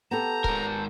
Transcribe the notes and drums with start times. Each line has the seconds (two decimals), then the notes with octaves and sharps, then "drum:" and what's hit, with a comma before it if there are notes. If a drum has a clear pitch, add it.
0.11 B3 G4 A4 A5 A#5 G6
0.44 G#2 A#4, drum: kick C#1